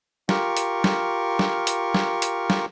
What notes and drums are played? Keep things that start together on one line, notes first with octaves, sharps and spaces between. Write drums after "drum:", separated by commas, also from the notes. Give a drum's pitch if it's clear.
F4 G4 A#4 C#6, drum: snare
drum: hi-hat
drum: snare
drum: snare
drum: hi-hat
drum: snare
drum: hi-hat
drum: snare